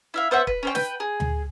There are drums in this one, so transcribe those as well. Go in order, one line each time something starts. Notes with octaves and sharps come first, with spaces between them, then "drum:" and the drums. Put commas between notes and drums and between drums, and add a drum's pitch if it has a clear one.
E4 E5 F5
B3 C5 E5 F#5
B4, drum: kick
C#4 C5 G5
B4 G5, drum: snare
G#4
drum: tom D2